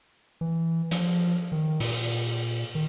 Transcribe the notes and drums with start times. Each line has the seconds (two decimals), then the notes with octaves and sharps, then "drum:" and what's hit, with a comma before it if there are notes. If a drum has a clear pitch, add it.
0.41 E3
0.91 F3, drum: hi-hat
1.52 D#3
1.80 A#2, drum: open hi-hat
2.75 D#3